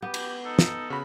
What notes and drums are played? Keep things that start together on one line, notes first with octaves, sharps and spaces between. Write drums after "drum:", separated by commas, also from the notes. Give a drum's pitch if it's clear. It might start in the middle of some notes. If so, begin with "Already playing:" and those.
B3 G4
drum: cymbal
D#4 A4
drum: snare
C#3 F#4 B5